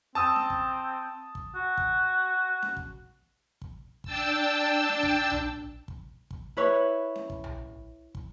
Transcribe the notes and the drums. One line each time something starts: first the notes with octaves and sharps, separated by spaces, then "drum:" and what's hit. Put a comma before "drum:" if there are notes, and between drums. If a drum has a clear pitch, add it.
C4 A5 D#6 E6
drum: snare C#4
drum: kick
drum: kick
F#4
drum: kick
drum: snare C#4
drum: kick
drum: kick
D4 G5 A5 E6, drum: kick
drum: snare C#4
drum: kick
drum: tom B1
drum: kick
drum: kick
E4 B4 C#5
drum: snare C#4
drum: kick
drum: tom B1
drum: kick